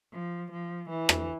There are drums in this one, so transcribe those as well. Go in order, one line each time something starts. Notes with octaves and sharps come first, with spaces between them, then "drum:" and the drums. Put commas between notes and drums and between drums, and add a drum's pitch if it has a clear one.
F3
F3
E3
drum: rim click